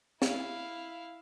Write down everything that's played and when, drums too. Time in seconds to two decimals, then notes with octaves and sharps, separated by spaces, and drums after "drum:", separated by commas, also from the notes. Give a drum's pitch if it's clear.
0.22 E4 F5, drum: snare